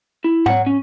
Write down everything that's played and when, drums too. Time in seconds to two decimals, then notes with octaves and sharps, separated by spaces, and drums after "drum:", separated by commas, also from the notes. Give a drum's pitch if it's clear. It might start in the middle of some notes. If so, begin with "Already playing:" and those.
0.24 E4
0.46 C#5 F#5, drum: tom G#2
0.66 C#4